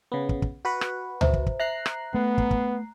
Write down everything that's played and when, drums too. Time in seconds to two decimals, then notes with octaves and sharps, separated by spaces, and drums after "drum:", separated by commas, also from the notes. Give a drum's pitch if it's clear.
0.12 C#3 B3
0.29 drum: kick
0.42 drum: kick
0.65 F#4 B4 F#5
0.81 drum: rim click
1.21 C5 E5 A#5, drum: tom C#2
1.33 drum: kick
1.46 drum: kick
1.60 E5 A#5 F#6 C7
1.86 drum: rim click
2.14 A3 B3
2.38 drum: kick
2.51 drum: kick